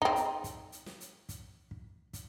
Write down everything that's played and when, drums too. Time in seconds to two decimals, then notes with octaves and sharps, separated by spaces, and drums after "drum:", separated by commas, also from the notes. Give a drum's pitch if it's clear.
0.02 C4 D#4, drum: kick
0.16 drum: hi-hat
0.44 drum: kick, hi-hat
0.72 drum: hi-hat
0.86 drum: snare
1.00 drum: hi-hat
1.29 drum: kick, hi-hat
1.71 drum: kick
2.13 drum: kick, hi-hat